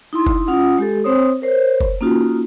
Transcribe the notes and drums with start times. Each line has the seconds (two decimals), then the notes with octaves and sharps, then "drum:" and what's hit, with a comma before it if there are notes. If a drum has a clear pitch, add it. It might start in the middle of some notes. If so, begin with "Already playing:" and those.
0.13 D#4 E4 C6
0.27 drum: kick F#1
0.48 C#4 F4 F#5 D#6
0.78 G#3 G4 A4
1.04 C4 C5 C#5 D#6
1.42 A#4 C5 C#5
1.81 drum: kick F#1
2.01 A#3 C#4 D#4 F4 F#4